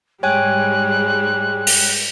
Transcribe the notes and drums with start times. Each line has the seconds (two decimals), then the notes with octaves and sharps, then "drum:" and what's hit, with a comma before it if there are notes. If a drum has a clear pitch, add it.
0.23 G#2 G3 G#3 C#5 G5 G#5 F#6
1.67 drum: open hi-hat